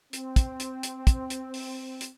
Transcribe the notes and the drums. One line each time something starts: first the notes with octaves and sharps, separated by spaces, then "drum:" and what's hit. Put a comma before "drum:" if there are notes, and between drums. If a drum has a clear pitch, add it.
C4, drum: hi-hat
drum: kick, hi-hat
drum: hi-hat
drum: hi-hat
drum: kick, hi-hat
drum: hi-hat
drum: open hi-hat
drum: hi-hat